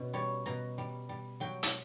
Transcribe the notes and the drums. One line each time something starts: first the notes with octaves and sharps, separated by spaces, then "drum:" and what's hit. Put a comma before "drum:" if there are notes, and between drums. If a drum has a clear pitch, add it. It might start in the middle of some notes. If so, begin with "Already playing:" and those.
Already playing: B2 C#4
G3 C#5
B2 A#5
G3
G3
F#3 G5
drum: hi-hat